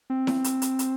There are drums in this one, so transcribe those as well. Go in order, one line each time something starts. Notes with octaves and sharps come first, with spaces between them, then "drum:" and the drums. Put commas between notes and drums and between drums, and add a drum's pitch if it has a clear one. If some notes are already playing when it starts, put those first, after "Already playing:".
C4
drum: snare E4
drum: hi-hat
drum: hi-hat
drum: hi-hat